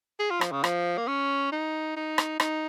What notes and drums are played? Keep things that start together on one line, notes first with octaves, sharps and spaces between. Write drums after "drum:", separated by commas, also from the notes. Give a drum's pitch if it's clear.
G#4
F4
F3, drum: rim click
C#3
F3, drum: rim click
A#3
C#4
D#4
D#4
drum: rim click
D#4, drum: rim click